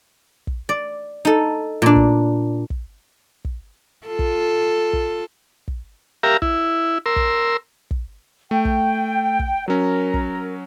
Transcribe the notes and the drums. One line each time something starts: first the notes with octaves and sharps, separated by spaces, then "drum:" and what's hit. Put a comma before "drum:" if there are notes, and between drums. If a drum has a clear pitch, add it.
drum: kick
D5
D#4 A4
A#2 D4
drum: kick
drum: kick
drum: kick
F4 A4
drum: kick
drum: kick
drum: kick
G4 A#4 E5 F5 A#5
E4, drum: kick
A#4 C6 E6
drum: kick
drum: kick
A3 G5
drum: kick
drum: kick
F#3 C#4 A#4
drum: kick